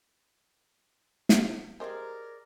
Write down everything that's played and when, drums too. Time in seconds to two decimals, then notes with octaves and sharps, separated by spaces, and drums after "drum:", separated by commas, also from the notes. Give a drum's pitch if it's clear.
1.29 drum: snare
1.80 G4 G#4 A#4 C5 D5 D#5